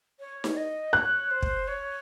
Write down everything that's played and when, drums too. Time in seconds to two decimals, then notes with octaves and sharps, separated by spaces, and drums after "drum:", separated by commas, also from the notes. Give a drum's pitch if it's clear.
0.19 C#5
0.44 drum: snare D#4
0.56 D#5
0.93 C#5 F#6
1.30 C5
1.43 drum: kick
1.67 C#5